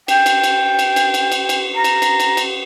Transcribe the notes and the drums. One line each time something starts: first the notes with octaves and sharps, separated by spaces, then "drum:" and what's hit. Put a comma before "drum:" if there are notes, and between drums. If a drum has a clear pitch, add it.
G5, drum: cymbal
drum: cymbal
drum: cymbal
drum: cymbal
drum: cymbal
drum: cymbal
drum: cymbal
drum: cymbal
A#5
drum: cymbal
drum: cymbal
drum: cymbal
drum: cymbal